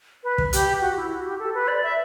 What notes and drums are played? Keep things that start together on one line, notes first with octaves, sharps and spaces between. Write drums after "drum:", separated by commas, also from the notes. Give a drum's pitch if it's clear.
B4
drum: kick
G4, drum: hi-hat
F#4
E4
F#4
G4
A4
B4
D5
E5